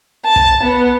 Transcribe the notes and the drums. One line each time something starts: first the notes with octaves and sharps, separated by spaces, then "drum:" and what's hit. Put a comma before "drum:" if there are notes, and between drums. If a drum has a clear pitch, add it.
A5
drum: kick
B3